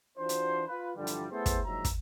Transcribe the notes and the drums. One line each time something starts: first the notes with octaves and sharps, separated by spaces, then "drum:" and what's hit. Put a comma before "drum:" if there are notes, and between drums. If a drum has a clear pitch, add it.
E3 D4 F4 F#4 C5
drum: hi-hat
F4 B4
G2 D3 E3 F3 G3
drum: hi-hat
A3 B3 E4 G#4 A4 C5
drum: kick, hi-hat
A#1 G#2 D#3 F#3 E5 A#5
drum: kick, hi-hat